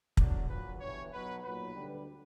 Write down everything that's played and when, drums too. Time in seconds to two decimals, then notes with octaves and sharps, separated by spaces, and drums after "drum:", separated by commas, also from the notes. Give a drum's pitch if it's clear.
0.17 E2 D3 F#3 D4, drum: kick
0.49 A#1 A#2 F#3 B4
0.80 G1 G2 E3 C#5
1.12 B1 B2 F#3 B4
1.44 B1 A#2 F#3 B4
1.75 D2 D3 G3